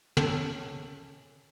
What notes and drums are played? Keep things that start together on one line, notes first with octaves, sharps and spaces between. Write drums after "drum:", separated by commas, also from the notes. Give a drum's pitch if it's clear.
C#4 A4, drum: tom